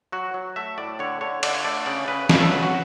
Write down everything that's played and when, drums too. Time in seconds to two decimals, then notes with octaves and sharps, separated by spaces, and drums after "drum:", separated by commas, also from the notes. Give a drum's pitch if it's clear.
0.12 F#3 F#4
0.34 F#3
0.56 A3 E5
0.78 A2 D5
0.99 D3 C#5
1.21 D3 C#5
1.43 D3 D5, drum: cymbal
1.54 C#5
1.65 A3 D5
1.86 C#3 D5
2.08 C#3 B4
2.29 C#3, drum: snare
2.41 A4
2.51 F#3 B4
2.63 F#4